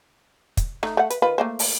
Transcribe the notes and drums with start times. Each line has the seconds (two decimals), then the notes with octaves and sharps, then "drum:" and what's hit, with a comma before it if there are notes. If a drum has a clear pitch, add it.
0.57 drum: kick, hi-hat
0.83 A3 D#4 A#5, drum: rim click
0.97 A3 F#5
1.10 B4, drum: hi-hat
1.22 D#3 F4 B4
1.38 A3 A#3 C5
1.59 drum: open hi-hat